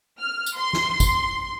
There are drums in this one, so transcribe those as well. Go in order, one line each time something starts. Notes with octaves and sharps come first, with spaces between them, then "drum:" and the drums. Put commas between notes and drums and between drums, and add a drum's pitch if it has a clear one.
F6
drum: tambourine
C6
drum: snare
drum: kick, tambourine